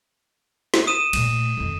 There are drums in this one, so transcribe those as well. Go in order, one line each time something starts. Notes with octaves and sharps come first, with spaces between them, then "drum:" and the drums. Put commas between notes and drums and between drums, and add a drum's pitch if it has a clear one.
drum: snare
D#6 D#7 E7
A#2 A3, drum: cymbal
F2 D#3